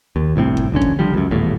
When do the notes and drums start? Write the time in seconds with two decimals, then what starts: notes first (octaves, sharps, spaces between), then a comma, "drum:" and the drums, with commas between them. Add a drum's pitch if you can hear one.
0.16 D#2
0.36 G1 C2 A2 C4
0.57 drum: kick G1
0.72 D#1 A#1 D3 C#4
0.82 drum: kick G1
0.99 D3 F3 G3
1.14 C#2 F#2
1.31 D#1 A1 E2 A2